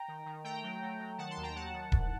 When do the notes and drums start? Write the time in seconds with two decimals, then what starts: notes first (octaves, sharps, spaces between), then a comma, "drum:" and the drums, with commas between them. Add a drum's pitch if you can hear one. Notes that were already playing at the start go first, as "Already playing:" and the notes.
Already playing: G5 A#5
0.08 D#3
0.26 D#3
0.44 A3 G5 A#5
0.63 F#3
0.82 A3
1.00 F#3
1.18 D#3 F#5 A5
1.31 A5 C6
1.37 D#2
1.43 G5 A#5
1.55 F#3 F#5 A5
1.73 D#3
1.92 C2, drum: kick D#1